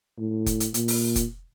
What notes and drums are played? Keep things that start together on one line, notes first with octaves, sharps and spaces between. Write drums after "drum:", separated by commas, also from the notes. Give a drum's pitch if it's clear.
A2
drum: kick F1, hi-hat
drum: hi-hat
A#2, drum: hi-hat
drum: open hi-hat
drum: kick F1, hi-hat